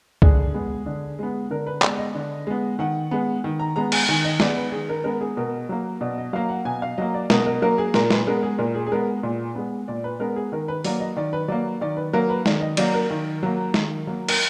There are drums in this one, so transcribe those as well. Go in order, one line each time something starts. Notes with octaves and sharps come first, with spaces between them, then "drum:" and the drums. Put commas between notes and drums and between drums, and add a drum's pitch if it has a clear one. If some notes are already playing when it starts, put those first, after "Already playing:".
D3 G#4, drum: kick C#2
G#3 B3
D3
G#3 B3
D3 A#4
B4
G#3 B3 D5, drum: clap
D#5
D3
G#3 B3
D#3 F#5
G#3 B3
D#3
A#5
G#3 B3 A#5
G#5, drum: cymbal
D#3 G#5
D#5
G#3 B3 D5, drum: snare
B4
D#3 G#4
A#4
G#3 B3 A#4
G#4
B2 A#4
F#3 A#3
B2 D5
D#5
F#3 A#3 F5
F#5
B2 G#5
F5
F#3 A#3 D#5
D5
B2 A#4, drum: snare
A#4
F#3 A#3 A#4
G#4
A#2 A#4, drum: snare
B4, drum: snare
G#3 B3 A#4
G#4
A#2 A#4
G#4
G#4
G#3 B3 A#4
A#2
G#3 B3
A#2 D5
B4
G#3 B3 A#4
G#4
D#3 A#4
B4
F#3 A#3 D5, drum: open hi-hat
D#5
D#3 D5
B4
F#3 A#3 D5
D#3 D5
B4
F#3 A#3 A#4
B4
D#3 D5, drum: snare
D#5
F#3 A#3 D5, drum: cymbal
A#4
D#3
F#3 A#3
D#3, drum: snare
F#3 A#3
A#4, drum: cymbal